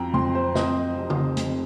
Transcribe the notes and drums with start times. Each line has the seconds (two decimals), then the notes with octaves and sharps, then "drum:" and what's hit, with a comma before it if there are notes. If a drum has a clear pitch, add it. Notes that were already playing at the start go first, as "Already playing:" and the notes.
Already playing: F2 G5 A#5
0.14 F2 C6
0.35 C5
0.55 F2 D#5, drum: snare
0.96 F1
1.10 drum: tom C#3
1.37 F2, drum: hi-hat